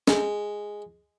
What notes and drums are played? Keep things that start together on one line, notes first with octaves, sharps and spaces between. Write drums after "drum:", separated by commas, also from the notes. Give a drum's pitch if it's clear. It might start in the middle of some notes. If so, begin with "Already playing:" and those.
G#3, drum: snare